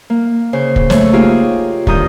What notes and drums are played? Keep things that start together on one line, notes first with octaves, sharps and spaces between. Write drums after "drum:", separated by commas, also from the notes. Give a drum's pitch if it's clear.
A#3
C#3 C5
drum: kick
A3 C#5, drum: snare
A#3 D#4 F4 G4 G#4
G2 D#3 D#5 A#5 D#6 G6, drum: kick